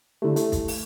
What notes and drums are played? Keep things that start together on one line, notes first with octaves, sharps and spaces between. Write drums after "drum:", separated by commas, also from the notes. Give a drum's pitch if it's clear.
D3 A3 E4 G4
A3, drum: hi-hat
drum: kick, hi-hat
drum: open hi-hat